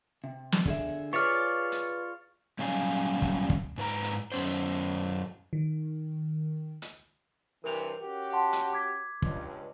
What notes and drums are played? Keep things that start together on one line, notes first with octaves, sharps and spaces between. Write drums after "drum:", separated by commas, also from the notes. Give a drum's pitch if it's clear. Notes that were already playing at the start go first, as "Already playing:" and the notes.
C3
drum: snare
D3 G#4 E5, drum: kick
F4 G#4 B4 C#5 D5 C#6 F6
drum: hi-hat
A#2 F#3 G3 C#4 F5 G#5
drum: kick
drum: kick
G#2 B4 A#5
drum: hi-hat
F#2 C#4 C5, drum: open hi-hat
D#3
drum: hi-hat
G2 C3 E3 A#4 F7
C#4 F#4 G4
F#5 A5 C6
drum: hi-hat
D6 G#6 B6
C#2 G2, drum: kick